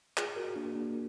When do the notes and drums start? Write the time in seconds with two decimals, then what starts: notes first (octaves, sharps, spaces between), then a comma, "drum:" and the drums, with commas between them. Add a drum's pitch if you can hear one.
0.17 F4 G#4, drum: clap
0.36 F#4 A#4
0.56 A#3 D4
0.75 A#3 D4